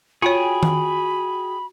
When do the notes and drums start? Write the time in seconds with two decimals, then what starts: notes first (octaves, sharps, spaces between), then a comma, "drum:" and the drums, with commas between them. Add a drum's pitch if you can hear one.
0.22 F4 F#4 G#4 C#5 G5 G#5 B5
0.63 drum: tom D#3